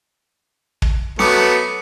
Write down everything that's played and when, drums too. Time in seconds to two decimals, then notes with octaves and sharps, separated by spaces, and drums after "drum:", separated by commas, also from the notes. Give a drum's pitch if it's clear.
0.82 drum: kick
1.19 F#3 A3 B3 D6 D#6 C#7, drum: snare